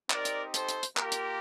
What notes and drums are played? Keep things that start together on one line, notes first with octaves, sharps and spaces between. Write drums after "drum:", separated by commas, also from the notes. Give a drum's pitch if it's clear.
C4 D#4 G4 A#4 D5, drum: clap
drum: hi-hat
A4 C5, drum: hi-hat
drum: hi-hat
drum: hi-hat
A#3 F4 G4 A#4, drum: clap
drum: hi-hat